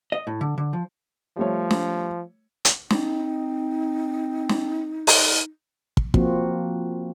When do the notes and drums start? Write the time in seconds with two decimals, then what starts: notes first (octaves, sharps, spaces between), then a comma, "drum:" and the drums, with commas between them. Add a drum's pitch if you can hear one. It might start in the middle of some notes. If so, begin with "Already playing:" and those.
0.12 D#5
0.27 A2
0.41 D3
0.58 D3
0.73 F3
1.37 F3 G3 A3 C#5
1.71 drum: snare
2.65 drum: hi-hat
2.91 C4 D#4, drum: snare
4.49 drum: snare
5.07 drum: open hi-hat
5.97 drum: kick
6.14 F3 A#3 C4 F4 F#4, drum: kick